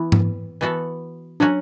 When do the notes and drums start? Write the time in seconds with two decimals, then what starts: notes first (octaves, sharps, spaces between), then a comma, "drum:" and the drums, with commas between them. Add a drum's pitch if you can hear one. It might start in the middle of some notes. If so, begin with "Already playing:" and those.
Already playing: E3 B3 E4
0.12 drum: tom G#2
0.61 E3 B3 F#4 A4
1.40 F#3 C#4 D4 F#4